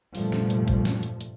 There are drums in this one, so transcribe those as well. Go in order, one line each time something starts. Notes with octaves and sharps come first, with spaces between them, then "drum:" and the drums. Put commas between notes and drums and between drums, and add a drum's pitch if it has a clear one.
F1 G2 A#2 F3 A3, drum: open hi-hat
drum: snare
drum: hi-hat
drum: kick G#1, hi-hat
drum: snare
drum: hi-hat
drum: hi-hat